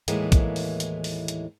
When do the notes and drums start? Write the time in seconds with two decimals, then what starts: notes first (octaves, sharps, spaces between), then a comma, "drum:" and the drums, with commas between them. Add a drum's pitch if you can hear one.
0.08 D#2 A2 E3 G#3 A#3, drum: hi-hat
0.32 drum: kick A#1, hi-hat
0.56 drum: open hi-hat
0.80 drum: hi-hat
1.04 drum: open hi-hat
1.28 drum: hi-hat